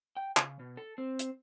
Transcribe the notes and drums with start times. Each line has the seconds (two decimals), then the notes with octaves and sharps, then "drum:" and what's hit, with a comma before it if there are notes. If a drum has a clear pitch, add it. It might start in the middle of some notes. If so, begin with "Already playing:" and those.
0.17 G5
0.37 C#3, drum: clap
0.59 B2
0.77 A4
0.98 C4
1.19 drum: hi-hat